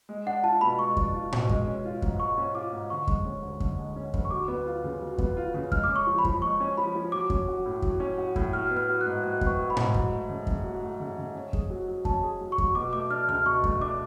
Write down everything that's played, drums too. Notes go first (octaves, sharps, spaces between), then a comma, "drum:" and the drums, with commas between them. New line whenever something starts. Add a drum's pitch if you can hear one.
G#3
D4 F#5
F4 A5
B2 B5
G#3 C#6
D4, drum: kick F2
F4
B2, drum: tom A2
G#3, drum: kick F2
C#4
F4
G#2, drum: kick F2
G#3 C#6
C#4
F4 D6
G#2
D3 C#6
G#3, drum: kick F2
C#4
D2
D3, drum: kick F2
G#3
C#4
D2, drum: kick F2
C#6
F#3 D6
B3
F4
C#3
F#3
B3, drum: kick F2
F4
C#3
G#3 F6, drum: kick F2
D6
C#4
C#6
F3
B5
F3, drum: kick F2
G#3 C#6
C#4
F3 B5
F3
F#3 D6
C#4, drum: kick F2
F#4
A2
F#3, drum: kick F2
C#4
F#4
A2, drum: kick F2
F#3 F6
B3
F6
F#4
F#6
G#2
F#3 F#6
B3, drum: kick F2
C#6
F#4
B5
G#2, drum: tom A2
F#3, drum: kick F2
A3
C#3
C#3, drum: kick F2
F#3
A3
C#3
C#3
C#4
G#4, drum: kick F2
F#3
F#3
C#4 A5, drum: kick F2
G#4
F#3
C#6
F#3, drum: kick F2
B2 D6
A3 D6
D4 F6
C#2 F6
B2 C#6
A3, drum: kick F2
D4 D6